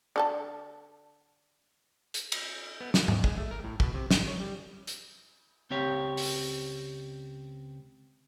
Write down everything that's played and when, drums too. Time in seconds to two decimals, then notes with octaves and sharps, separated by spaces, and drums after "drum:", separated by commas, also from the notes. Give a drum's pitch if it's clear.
0.16 D3 A4 A5
2.14 drum: hi-hat
2.32 drum: cymbal
2.81 B3
2.94 A#3, drum: snare
3.08 D#2, drum: tom G#2
3.24 G#3, drum: kick
3.37 A3
3.51 A#4
3.64 A2
3.80 B2, drum: kick
3.94 C3
4.11 G#2, drum: snare
4.28 C#5
4.40 G3
4.87 drum: hi-hat
5.70 C#2 C4 G4 C#5
6.17 drum: open hi-hat